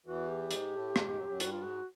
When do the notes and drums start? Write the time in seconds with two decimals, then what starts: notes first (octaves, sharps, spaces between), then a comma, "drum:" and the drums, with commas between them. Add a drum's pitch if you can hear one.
0.06 E2 E3 F#4
0.28 G4
0.51 G#2 G#3, drum: hi-hat
0.73 A2 A3
0.96 G#2 G#3, drum: rim click
1.06 G#2 G#3
1.17 F#2 F#3
1.29 F#2 F#3
1.40 G2 G3 F#4, drum: hi-hat
1.52 F4
1.62 G#2 G#3 F#4